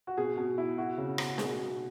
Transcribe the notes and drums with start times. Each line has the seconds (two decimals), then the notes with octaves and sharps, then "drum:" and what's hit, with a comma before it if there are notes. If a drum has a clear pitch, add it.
0.07 F#4
0.17 B2 G#4
0.38 B2
0.58 E4
0.78 E4 F#4
0.98 C#3
1.18 B3, drum: rim click
1.38 B2 G#4, drum: snare
1.59 B2